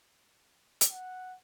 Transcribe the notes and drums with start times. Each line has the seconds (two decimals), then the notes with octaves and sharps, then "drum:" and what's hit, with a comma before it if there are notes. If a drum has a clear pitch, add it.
0.81 drum: hi-hat
0.91 F#5